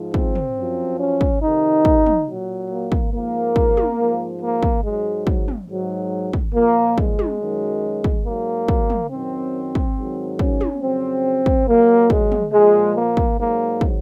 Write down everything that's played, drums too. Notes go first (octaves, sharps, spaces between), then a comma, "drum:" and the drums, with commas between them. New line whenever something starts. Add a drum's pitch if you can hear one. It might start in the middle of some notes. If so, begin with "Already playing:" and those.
Already playing: G#2 F3
C4, drum: kick
drum: tom
F#2 F3
C#4
drum: kick
F2 C3 D#3 D#4
drum: kick
drum: tom
A#2 F#3
A#3
drum: kick
G#2 F3 A#3
drum: kick
drum: tom
G#2 F3
A#3
drum: kick
G#2 F#3 G#3
drum: kick
drum: tom
G#2 F#3
drum: kick
A#2 F3 A#3
G#3, drum: kick
drum: tom
F#2 D#3 F#3
drum: kick
G#2 F#3 A#3
drum: kick
drum: tom
F#2 D#3 F#3 C4
drum: kick
G#2 D#3 F#3
C#4, drum: kick
drum: tom
F2 C#3 F#3 C4
drum: kick
A#2 F#3 A#3
G#3, drum: kick
drum: tom
A#2 F3 G#3
A#3
drum: kick
G#2 F#3 A#3
drum: kick